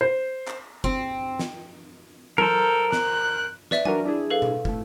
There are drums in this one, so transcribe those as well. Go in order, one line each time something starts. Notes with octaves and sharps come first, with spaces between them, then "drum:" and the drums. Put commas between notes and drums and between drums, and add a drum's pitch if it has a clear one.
C5
drum: clap
C4, drum: kick
drum: snare
A4 A#4 C5, drum: tom F#3
F#6, drum: snare
B4 D5 E5, drum: snare
D4 F#4 A#4 G#5, drum: tom F#3
D4 E4 G#4
A4 B4 F5
drum: tom B2
A2 A3, drum: kick